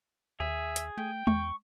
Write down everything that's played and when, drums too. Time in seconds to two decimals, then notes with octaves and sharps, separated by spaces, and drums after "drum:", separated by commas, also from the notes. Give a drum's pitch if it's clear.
0.40 D#2 G#4 E5
0.76 drum: hi-hat
0.97 A3 G5
1.27 E2 C#6, drum: tom G#3